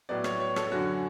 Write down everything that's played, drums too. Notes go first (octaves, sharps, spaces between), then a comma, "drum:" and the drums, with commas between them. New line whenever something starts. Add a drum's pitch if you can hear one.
A2 F#3 B3 D5
C#5, drum: rim click
C#5
A4, drum: rim click
F#2 D3 F#3 C#4 F#4